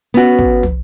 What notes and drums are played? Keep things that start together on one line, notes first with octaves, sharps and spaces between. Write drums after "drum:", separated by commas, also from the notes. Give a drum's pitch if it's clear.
B3 C#4 F#4
drum: kick
drum: tom